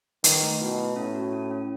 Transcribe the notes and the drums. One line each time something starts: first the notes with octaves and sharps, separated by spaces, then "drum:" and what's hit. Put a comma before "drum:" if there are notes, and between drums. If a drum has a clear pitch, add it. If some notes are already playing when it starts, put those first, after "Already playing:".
D#3 B4, drum: hi-hat
A3
B2 E4
E4
A2 C#4
F#4
C#4
C#4